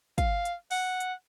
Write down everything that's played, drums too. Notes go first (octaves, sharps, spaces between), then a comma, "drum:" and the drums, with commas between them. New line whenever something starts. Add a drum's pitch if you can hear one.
F5, drum: kick, hi-hat
drum: hi-hat
F#5, drum: open hi-hat
drum: hi-hat